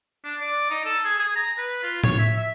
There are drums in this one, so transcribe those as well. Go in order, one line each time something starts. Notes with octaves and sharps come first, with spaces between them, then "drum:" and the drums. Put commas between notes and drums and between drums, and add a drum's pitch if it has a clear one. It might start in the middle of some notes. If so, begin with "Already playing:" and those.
D4
D5
D#4
A4
G#4
G#4
A#5
B4
F4
C#5, drum: tom A2
E5
E5